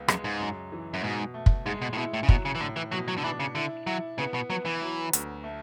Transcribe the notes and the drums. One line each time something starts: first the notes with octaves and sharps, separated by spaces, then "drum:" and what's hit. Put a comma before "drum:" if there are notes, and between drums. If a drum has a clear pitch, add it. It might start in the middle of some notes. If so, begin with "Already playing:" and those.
Already playing: C#2 B3
F#2 G#3, drum: rim click
G#2
F#2
E3
F#2
G#2 B2
A3
drum: kick
G#2 G#3
B2
A2
B2 E4
A2
C#3
B2 F#3, drum: kick
C#3
E3
A2 D3
E3
B2 F#3
F#3
D3
E3 D4
C#3
D3 E4
F#3 E4
C#3 B3
B2
F#3 B3
E3
F#3
D2, drum: hi-hat
A3